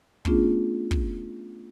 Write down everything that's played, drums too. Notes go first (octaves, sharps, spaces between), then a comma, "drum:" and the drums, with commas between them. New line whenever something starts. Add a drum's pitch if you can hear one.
A3 B3 C#4 D4 F4 G#4, drum: kick
drum: kick